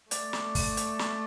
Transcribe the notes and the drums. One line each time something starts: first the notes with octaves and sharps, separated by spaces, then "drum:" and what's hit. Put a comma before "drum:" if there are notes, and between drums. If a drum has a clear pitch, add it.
A3 D5, drum: hi-hat
drum: snare
drum: kick, open hi-hat
drum: hi-hat
drum: snare